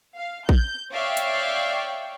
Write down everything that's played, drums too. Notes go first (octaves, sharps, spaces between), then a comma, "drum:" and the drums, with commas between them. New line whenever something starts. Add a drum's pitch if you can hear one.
F5
G6, drum: kick
C#5 D5 E5 F5 G5 C#6
drum: hi-hat